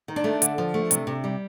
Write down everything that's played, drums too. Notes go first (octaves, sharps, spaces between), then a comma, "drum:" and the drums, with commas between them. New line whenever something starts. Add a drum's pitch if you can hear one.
D#3
D4
A3
D3, drum: hi-hat
F3
A3
C3, drum: hi-hat
C3
G3